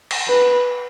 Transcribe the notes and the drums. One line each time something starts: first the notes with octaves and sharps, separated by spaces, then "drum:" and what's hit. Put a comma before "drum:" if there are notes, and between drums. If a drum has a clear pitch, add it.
drum: cymbal
B4